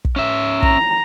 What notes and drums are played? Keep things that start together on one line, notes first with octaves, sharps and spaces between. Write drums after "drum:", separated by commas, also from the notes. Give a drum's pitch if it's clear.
drum: kick
C#4 E5
A#5, drum: kick